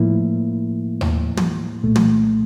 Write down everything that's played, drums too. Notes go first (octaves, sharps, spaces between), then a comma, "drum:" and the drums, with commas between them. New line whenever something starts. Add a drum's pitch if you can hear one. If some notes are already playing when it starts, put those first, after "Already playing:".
Already playing: A2 F3 A#3 E4
drum: tom D#2
drum: tom
C2 A#2 A3
drum: tom